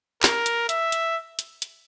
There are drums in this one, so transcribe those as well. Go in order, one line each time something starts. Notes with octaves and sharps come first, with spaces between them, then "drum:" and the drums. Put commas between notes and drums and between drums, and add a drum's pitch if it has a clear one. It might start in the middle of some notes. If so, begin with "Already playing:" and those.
A#4, drum: clap
drum: hi-hat
E5, drum: hi-hat
drum: hi-hat
drum: hi-hat
drum: hi-hat